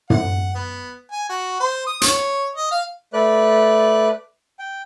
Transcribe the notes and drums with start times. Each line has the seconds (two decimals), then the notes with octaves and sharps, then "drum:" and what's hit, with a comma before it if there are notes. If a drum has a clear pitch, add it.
0.10 F#5, drum: tom
0.55 B3
1.12 G#5
1.29 F#4
1.60 C5
1.87 D#6
2.01 C#5, drum: hi-hat
2.55 D#5
2.71 F5
3.13 A3 B4 D5 F#6
4.59 G5